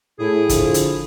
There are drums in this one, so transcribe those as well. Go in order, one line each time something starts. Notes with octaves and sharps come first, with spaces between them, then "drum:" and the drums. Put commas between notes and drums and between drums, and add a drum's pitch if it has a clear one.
A2 E4 G#4
D3 F3, drum: kick G1, hi-hat
drum: hi-hat